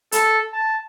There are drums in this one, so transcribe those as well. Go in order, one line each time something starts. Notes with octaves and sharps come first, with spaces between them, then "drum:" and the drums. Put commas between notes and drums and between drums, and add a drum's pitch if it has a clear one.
A4, drum: hi-hat
A5